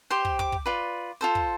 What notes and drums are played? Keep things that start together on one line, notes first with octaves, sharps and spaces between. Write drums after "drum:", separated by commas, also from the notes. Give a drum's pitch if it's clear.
G4 C5 C6
drum: kick
D6, drum: kick
drum: kick
F4 B4 D5
F4 A4 C5
drum: kick